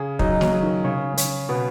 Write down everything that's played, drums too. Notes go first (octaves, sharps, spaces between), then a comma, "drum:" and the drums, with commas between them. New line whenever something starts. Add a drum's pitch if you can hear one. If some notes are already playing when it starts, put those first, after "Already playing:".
Already playing: C#3 G#4
F#3 D#4, drum: kick
F#3, drum: snare
G#4
D#3
C#3 C#5
C#5, drum: hi-hat
B2 B3